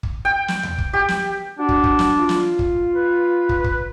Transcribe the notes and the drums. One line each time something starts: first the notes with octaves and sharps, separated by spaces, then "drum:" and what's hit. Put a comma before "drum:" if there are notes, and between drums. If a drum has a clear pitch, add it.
drum: kick
G5
drum: snare
drum: tom D#2
drum: kick
G4
drum: snare
D4 F#4
drum: kick
drum: kick
drum: snare
F4
drum: snare
drum: kick
B4
drum: kick
drum: kick